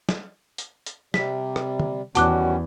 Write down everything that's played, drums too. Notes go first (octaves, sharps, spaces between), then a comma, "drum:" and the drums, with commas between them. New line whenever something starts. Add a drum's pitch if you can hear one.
drum: snare
drum: hi-hat
drum: hi-hat
C3 G3 B6, drum: snare
drum: rim click
drum: tom
E2 D#3 G3 C#4 F#4 A5 D6 F#6, drum: hi-hat